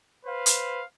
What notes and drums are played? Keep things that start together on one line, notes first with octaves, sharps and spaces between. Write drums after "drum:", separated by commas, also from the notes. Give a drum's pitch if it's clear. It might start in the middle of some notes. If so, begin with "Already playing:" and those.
B4 C5 F5
drum: hi-hat